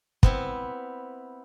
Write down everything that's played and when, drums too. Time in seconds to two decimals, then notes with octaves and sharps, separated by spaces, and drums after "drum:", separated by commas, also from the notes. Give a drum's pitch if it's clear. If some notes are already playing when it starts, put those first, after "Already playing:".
0.23 B3 C4 E4, drum: kick